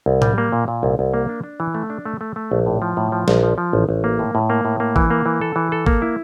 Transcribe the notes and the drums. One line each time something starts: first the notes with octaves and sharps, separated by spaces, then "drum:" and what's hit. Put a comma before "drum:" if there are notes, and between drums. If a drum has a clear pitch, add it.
C2
G3, drum: tom A2
A#3
A#2
A#2
C2
C2
A#3
D4
D4
E3
A3
D4
A3
A3
A3
A#1
A2
F3
A2
F3
A#1, drum: snare
F3
F3
A1
A1
A#3
A2
A2
A#3
A2
A#3
E3, drum: kick
A#3
E3
A4
E3
A4
A#3, drum: kick
E4